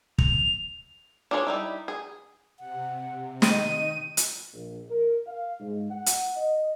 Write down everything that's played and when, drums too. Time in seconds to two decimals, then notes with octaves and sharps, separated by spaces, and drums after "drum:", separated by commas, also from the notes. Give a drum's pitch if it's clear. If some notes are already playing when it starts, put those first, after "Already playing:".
0.18 F7, drum: kick
1.31 D4 F4 G#4 A4 C#5
1.47 G3 D#4 E4
1.88 G#4
2.59 C3 F#5
3.42 D#3 D#5 D#7, drum: snare
4.17 drum: hi-hat
4.53 A#1
4.89 A#4
5.27 F5
5.60 G#2
5.91 F#5
6.06 drum: hi-hat
6.36 D#5